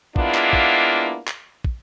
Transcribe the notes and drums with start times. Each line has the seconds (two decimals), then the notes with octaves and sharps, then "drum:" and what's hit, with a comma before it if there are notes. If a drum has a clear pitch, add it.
0.16 G#3 A#3 B3 D4 E4 F4, drum: kick
0.34 drum: clap
0.53 drum: kick
1.27 drum: clap
1.64 drum: kick